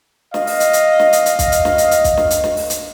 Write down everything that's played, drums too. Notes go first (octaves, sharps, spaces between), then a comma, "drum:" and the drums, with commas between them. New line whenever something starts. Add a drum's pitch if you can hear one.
D#5 F5, drum: snare
drum: open hi-hat
drum: hi-hat
drum: hi-hat
drum: snare
drum: hi-hat
drum: hi-hat
drum: kick, hi-hat
drum: hi-hat
drum: snare
drum: hi-hat
drum: hi-hat
drum: kick, hi-hat
drum: snare
drum: hi-hat
drum: snare
drum: open hi-hat
drum: hi-hat